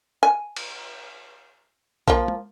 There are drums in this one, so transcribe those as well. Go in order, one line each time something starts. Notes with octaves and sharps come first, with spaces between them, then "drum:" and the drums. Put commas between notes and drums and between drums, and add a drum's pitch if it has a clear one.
G#5
drum: cymbal
F3 A#3, drum: kick B1
drum: tom